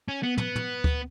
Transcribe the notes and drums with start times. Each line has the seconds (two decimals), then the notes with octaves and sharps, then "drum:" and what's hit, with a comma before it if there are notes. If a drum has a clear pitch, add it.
0.08 C#4
0.23 B3
0.38 B3, drum: tom
0.56 drum: tom
0.84 drum: kick D2